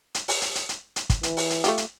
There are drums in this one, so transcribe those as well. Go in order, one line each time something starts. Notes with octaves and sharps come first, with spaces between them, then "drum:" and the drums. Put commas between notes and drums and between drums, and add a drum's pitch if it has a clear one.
drum: hi-hat
drum: open hi-hat
drum: hi-hat
drum: hi-hat
drum: hi-hat
drum: hi-hat
drum: kick, hi-hat
E3, drum: hi-hat
drum: open hi-hat
drum: hi-hat
A3 F4 G4, drum: hi-hat
drum: hi-hat